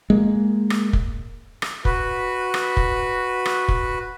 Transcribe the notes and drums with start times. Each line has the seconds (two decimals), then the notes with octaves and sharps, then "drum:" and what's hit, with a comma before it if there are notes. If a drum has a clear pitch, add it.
0.10 G#3 A#3
0.70 drum: rim click
0.93 drum: kick
1.62 drum: rim click
1.85 F#4 B4, drum: kick
2.54 drum: rim click
2.77 drum: kick
3.45 drum: rim click
3.68 drum: kick